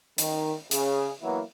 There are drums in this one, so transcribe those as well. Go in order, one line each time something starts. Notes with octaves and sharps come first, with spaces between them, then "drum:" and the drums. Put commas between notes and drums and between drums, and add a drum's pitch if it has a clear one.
D#3, drum: hi-hat
C#3 G#4, drum: hi-hat
E3 F#3 A#3 B3 E4